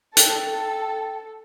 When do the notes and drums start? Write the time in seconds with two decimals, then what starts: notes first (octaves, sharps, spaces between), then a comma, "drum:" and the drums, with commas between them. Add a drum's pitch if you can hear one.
0.17 A4 G5, drum: hi-hat